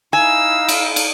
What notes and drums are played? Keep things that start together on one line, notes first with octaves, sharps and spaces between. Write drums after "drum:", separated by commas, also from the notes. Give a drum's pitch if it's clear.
D#4 E4 F5 G#5 E6
drum: cymbal
drum: cymbal